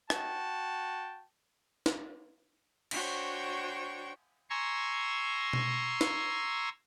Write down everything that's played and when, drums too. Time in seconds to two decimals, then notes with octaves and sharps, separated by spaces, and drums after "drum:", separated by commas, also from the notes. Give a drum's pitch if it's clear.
0.10 F#4 G5 A5, drum: rim click
1.86 drum: snare
2.91 D4 F#4 C5 C#5 G5 C#6, drum: cymbal
4.50 G#5 A#5 C6 C#6 E6
5.53 drum: tom B2
6.01 drum: snare